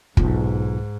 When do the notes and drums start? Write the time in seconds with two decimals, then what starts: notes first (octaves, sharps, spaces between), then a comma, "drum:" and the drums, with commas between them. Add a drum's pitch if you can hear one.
0.17 B1 G#2 F4, drum: kick